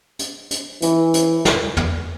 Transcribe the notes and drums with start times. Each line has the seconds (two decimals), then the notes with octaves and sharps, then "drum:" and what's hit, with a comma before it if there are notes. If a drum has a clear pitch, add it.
0.19 drum: hi-hat
0.51 drum: hi-hat
0.82 E3, drum: hi-hat
1.14 drum: hi-hat
1.45 drum: snare
1.77 drum: tom